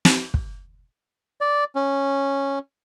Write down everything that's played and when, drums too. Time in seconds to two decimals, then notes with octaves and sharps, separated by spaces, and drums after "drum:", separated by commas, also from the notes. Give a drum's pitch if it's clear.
0.05 drum: snare
0.34 drum: kick
1.41 D5
1.76 C#4